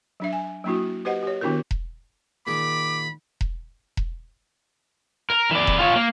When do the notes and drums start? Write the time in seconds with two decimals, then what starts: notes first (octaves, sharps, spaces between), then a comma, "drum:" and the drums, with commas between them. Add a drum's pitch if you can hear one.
0.20 F#3 D4 E5
0.33 G#5
0.64 F#3 A#3 D4 E4 F#4
1.05 G4 B4 C5 D#5 F#5
1.23 G4 C#5
1.41 D#3 B3 D4 E4 F#4 A#4
1.71 drum: kick E1
2.47 A#2 D#3 G#4 B5 D6
3.41 drum: kick E1
3.97 drum: kick E1
5.30 A#4
5.51 E3 D5
5.67 drum: kick E1
5.79 F4 C#5
5.96 A#3